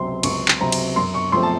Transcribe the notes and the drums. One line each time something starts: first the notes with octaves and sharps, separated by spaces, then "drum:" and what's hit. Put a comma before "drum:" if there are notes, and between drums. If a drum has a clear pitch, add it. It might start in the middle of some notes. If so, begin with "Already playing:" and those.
Already playing: C#2 C3 F#3 C4 C6
C#2 C#6, drum: cymbal
drum: clap
C3 F#3 C4 A#5
drum: cymbal
F#2 C6
C#6
F3 A3 C4 C6
A5